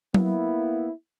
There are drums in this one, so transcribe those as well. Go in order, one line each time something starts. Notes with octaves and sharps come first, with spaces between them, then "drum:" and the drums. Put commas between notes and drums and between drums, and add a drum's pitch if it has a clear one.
A#3 B3 E4, drum: tom F#3